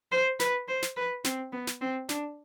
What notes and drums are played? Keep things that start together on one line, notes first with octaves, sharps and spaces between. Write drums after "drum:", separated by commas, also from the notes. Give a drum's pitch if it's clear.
C5
B4, drum: snare
C5
drum: snare
B4
C4, drum: snare
B3
drum: snare
C4
D4, drum: snare